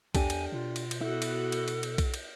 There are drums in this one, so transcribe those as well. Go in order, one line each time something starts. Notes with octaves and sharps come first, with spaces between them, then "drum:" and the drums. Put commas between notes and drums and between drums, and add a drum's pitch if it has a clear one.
E2 D4 G4 A4 G#5, drum: kick B1, cymbal
drum: cymbal
B2 F4
drum: cymbal
drum: cymbal
B3 E4 F#4 A4 F#5
drum: cymbal
drum: cymbal
drum: cymbal
drum: cymbal
drum: kick B1, cymbal
drum: cymbal